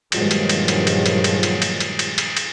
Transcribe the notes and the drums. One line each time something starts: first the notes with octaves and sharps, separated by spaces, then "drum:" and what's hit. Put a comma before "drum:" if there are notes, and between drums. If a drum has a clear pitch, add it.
G2 A#2 D#3 F3 F#3 G#3, drum: cymbal
drum: cymbal
drum: cymbal
drum: cymbal
drum: cymbal
drum: cymbal
drum: cymbal
drum: cymbal
drum: cymbal
drum: cymbal
drum: cymbal
drum: cymbal
drum: cymbal